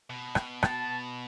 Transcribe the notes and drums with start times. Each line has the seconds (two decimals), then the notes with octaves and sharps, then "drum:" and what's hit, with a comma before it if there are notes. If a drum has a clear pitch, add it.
0.10 B2
0.35 drum: rim click
0.63 A5, drum: rim click